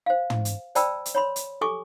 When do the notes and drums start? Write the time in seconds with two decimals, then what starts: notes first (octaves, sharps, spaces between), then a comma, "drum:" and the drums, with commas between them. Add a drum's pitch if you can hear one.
0.06 C5 F5
0.30 drum: tom
0.45 drum: hi-hat
0.75 C5 D5 G5 A5 B5 E6, drum: hi-hat
1.06 drum: hi-hat
1.15 C#5 B5 C6
1.36 drum: hi-hat
1.61 G4 A4 G#5 C#6 D6